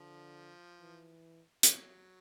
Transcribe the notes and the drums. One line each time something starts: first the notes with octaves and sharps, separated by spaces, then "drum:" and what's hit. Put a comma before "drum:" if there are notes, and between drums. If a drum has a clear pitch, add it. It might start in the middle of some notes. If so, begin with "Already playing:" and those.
Already playing: D3 F3
E3
F3, drum: hi-hat
F#3